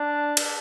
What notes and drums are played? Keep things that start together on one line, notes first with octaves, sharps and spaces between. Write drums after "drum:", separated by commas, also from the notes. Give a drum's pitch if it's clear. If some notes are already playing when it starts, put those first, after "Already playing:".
Already playing: D4
drum: cymbal